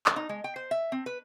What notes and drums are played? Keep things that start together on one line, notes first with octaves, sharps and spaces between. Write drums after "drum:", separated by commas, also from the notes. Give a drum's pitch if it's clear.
drum: clap
D#4
G#3
G5
C5
E5
C4
B4